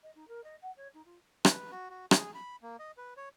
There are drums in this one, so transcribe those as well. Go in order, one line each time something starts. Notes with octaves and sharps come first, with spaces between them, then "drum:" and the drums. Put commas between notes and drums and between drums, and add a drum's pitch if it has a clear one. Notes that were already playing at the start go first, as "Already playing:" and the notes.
D#5
D#4
A#4
D#5
F#5
C#5
D#4
F4
B4, drum: rim click
F#4
F#4
G#4, drum: rim click
B5
A#3
D#5
B4
C#5